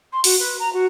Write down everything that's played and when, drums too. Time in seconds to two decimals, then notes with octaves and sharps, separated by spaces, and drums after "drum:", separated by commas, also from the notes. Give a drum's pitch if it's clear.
0.12 C6
0.24 F#4, drum: open hi-hat
0.39 B4
0.59 A#5
0.72 F#4